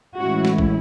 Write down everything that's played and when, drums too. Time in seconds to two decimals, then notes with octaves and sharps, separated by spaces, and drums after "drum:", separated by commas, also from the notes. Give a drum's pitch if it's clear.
0.17 A2 E3 G#3 C#4 E4 F#4
0.45 drum: snare
0.58 drum: kick